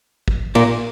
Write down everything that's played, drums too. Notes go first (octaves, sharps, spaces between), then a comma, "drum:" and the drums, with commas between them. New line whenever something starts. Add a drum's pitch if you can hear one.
drum: kick
A#2 A#3, drum: cymbal